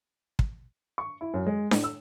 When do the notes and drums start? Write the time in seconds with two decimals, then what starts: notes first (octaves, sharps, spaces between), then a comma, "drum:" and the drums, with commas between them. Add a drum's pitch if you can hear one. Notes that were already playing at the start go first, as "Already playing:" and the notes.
0.39 drum: kick
0.98 C#6
1.21 E4
1.34 F#2
1.47 G#3
1.71 A2, drum: snare D4
1.84 E6